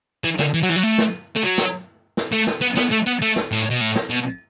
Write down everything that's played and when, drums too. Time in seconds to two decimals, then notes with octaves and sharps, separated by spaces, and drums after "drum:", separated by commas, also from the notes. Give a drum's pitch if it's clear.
0.24 E3
0.39 D3, drum: snare
0.54 E3
0.63 F#3
0.69 E3
0.76 F#3
0.83 A3
0.98 drum: snare
1.36 A3
1.44 F#3
1.58 drum: snare
2.17 drum: snare
2.32 A3
2.47 drum: snare
2.62 B3
2.77 B3, drum: snare
2.92 A3
3.07 B3
3.22 A3
3.36 drum: snare
3.52 A2
3.70 B2
3.81 A2
3.96 drum: snare
4.10 B2